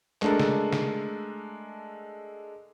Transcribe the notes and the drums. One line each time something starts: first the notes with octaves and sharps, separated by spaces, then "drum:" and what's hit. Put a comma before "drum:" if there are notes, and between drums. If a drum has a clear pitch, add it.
G#3 A3 D4 A4 A#4, drum: clap
drum: snare
drum: snare